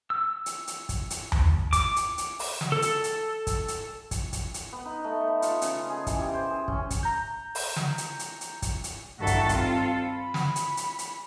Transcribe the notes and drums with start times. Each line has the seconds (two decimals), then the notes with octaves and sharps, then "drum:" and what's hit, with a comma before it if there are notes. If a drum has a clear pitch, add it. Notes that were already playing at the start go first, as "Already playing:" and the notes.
0.10 E6
0.46 drum: hi-hat
0.67 drum: hi-hat
0.89 drum: kick, hi-hat
1.10 drum: hi-hat
1.32 drum: tom D#2
1.53 drum: kick
1.73 D6, drum: kick, hi-hat
1.96 drum: hi-hat
2.18 drum: hi-hat
2.39 drum: open hi-hat
2.61 drum: snare
2.72 A4
2.82 drum: hi-hat
3.04 drum: hi-hat
3.47 drum: kick, hi-hat
3.68 drum: hi-hat
4.11 drum: kick, hi-hat
4.33 drum: kick, hi-hat
4.54 drum: hi-hat
4.73 B3
4.85 D#4
5.04 A3
5.28 B3
5.42 F4, drum: hi-hat
5.62 C#3, drum: hi-hat
5.90 G#4
6.07 E3, drum: kick, hi-hat
6.19 G4
6.34 C5
6.50 G#4
6.68 C#4, drum: kick
6.90 drum: kick, hi-hat
7.03 A#5 G6
7.55 drum: open hi-hat
7.76 drum: snare
7.98 drum: hi-hat
8.19 drum: hi-hat
8.41 drum: hi-hat
8.62 drum: kick, hi-hat
8.84 drum: hi-hat
9.18 G2 D#3 E4 F#4 A4 A6
9.27 drum: kick, hi-hat
9.49 C4 F4 A4, drum: kick, hi-hat
10.07 B5
10.34 drum: snare
10.56 drum: hi-hat
10.77 drum: hi-hat
10.99 drum: hi-hat